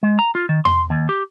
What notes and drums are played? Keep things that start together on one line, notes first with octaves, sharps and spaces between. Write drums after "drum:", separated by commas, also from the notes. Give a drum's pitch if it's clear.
G#3
A#5
F4
D#3
C6, drum: tom E2
D#2
G4